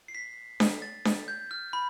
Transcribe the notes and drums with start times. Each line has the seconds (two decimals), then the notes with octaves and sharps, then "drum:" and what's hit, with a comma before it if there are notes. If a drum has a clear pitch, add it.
0.08 C7
0.15 B6
0.60 drum: snare D4
0.82 A6
1.05 drum: snare D4
1.28 G6
1.51 F6
1.73 B5